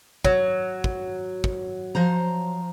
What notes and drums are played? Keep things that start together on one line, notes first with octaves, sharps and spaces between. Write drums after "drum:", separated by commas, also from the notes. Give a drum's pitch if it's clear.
F#3, drum: kick
drum: kick
drum: kick
F3 C5 A#5